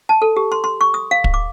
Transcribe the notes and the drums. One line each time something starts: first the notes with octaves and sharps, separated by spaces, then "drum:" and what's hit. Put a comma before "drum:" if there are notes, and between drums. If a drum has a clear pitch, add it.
A5
A4
G4
C6
C6
C#6
D#6
F5
drum: kick
D6